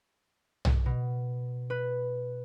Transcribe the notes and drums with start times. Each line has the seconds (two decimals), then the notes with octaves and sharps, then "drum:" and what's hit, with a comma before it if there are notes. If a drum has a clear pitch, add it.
0.65 drum: tom B1
0.86 B2
1.70 B4